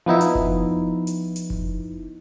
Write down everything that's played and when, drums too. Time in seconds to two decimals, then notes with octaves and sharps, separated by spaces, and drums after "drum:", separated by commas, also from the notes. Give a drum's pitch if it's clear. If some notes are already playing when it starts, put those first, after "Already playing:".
0.06 F3 B3 D#4 E4
0.21 drum: hi-hat
0.35 drum: kick F#1
1.07 drum: hi-hat
1.36 drum: hi-hat
1.50 drum: kick F#1